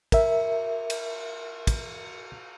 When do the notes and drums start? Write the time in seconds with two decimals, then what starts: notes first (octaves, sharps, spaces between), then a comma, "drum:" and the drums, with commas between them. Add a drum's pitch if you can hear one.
0.12 A#4 E5, drum: kick, cymbal
0.90 drum: cymbal
1.67 drum: kick, cymbal